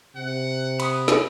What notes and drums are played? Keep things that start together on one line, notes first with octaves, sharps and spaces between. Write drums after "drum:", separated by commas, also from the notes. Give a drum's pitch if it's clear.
C3 F#5
B5 D#6, drum: cymbal
drum: snare